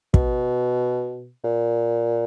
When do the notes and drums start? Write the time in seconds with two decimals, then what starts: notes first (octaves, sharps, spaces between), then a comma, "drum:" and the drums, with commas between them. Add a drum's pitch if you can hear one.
0.14 B2, drum: kick
1.44 A#2